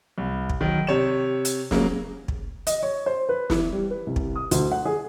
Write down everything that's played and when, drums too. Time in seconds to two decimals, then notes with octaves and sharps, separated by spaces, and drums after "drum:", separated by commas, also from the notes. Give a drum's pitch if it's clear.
0.18 C2
0.49 drum: kick
0.61 D#3 F#3
0.87 C3 C#5 E7
1.45 drum: hi-hat
1.71 C#3 F#3 G#3 A#3 C#4, drum: snare
2.28 drum: kick
2.67 D#5, drum: hi-hat
2.83 C#5
3.06 C5
3.29 B4
3.50 E3, drum: snare
3.72 G3
3.91 B4
4.07 C2
4.16 drum: kick
4.36 D#6
4.51 D2, drum: hi-hat
4.72 F#5
4.85 G#4